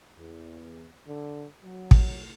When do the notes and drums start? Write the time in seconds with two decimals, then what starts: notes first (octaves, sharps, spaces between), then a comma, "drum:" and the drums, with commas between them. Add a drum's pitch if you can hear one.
0.17 E2
1.06 D3
1.63 F#3
1.91 drum: kick